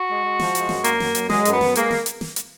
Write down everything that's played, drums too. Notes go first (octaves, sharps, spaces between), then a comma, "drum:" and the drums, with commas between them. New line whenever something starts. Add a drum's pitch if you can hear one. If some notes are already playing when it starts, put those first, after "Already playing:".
Already playing: F#4
G#3
G#3
F3, drum: snare
G#3, drum: hi-hat
F#2, drum: snare
F#2 A#3, drum: hi-hat
F#2, drum: snare
F#2, drum: hi-hat
F#2 G#3, drum: snare
F#2, drum: hi-hat
B3
F#2, drum: snare
G#3 A#3, drum: hi-hat
drum: snare
drum: hi-hat
drum: snare
drum: hi-hat